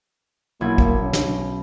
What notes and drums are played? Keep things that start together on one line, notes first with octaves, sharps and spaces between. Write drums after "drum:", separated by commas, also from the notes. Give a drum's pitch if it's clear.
B1 A#3 E4 G#6
drum: kick
C#4
drum: snare